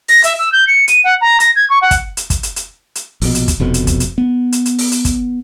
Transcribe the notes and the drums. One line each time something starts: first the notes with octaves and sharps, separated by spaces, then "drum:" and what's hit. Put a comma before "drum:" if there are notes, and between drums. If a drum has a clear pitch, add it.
A#6, drum: open hi-hat
E5, drum: hi-hat
E6
G6
C#7
D#7, drum: hi-hat
F#5
A#5
A#6, drum: hi-hat
G#6
C#6
F#5
drum: kick, hi-hat
drum: hi-hat
drum: kick, hi-hat
drum: hi-hat
drum: hi-hat
drum: hi-hat
A#1 B2, drum: open hi-hat
drum: hi-hat
drum: kick, hi-hat
F1 F2 B2
drum: hi-hat
drum: kick, hi-hat
drum: hi-hat
B3
drum: hi-hat
drum: hi-hat
drum: open hi-hat
drum: hi-hat
drum: kick, hi-hat